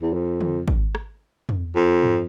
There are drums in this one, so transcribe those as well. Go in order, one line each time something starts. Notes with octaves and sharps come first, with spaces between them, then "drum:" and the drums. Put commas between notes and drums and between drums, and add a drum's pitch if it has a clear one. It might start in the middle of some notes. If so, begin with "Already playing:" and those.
E2
F2
drum: tom
drum: kick
drum: rim click
drum: tom
F2
drum: tom